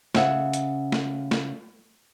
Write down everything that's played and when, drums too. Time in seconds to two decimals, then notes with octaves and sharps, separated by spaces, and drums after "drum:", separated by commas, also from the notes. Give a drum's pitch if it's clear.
0.15 C#3 E5 F#5, drum: snare
0.53 drum: hi-hat
0.92 drum: snare
1.31 drum: snare